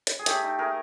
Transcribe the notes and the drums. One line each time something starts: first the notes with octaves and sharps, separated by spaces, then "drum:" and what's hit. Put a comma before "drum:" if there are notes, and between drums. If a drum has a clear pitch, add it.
drum: hi-hat
G#4
A3 G4 A4, drum: hi-hat
D#4
A3 G#4 A#4